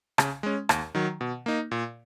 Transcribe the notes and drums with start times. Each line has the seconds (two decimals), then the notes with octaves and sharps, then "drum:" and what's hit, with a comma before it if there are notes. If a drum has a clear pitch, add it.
0.18 C#3, drum: rim click
0.43 G#3 C#4
0.69 D#2, drum: rim click
0.95 D#3 F#3
1.21 B2
1.46 A#3 D#4
1.71 A#2